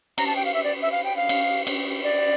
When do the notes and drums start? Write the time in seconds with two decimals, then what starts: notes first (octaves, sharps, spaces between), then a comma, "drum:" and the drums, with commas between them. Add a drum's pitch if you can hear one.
0.18 A#5, drum: cymbal
0.27 A5
0.36 G5
0.45 F5
0.54 E5
0.64 D5
0.82 E5
0.92 F5
1.04 G5
1.16 F5
1.29 drum: cymbal
1.67 drum: cymbal
2.04 D5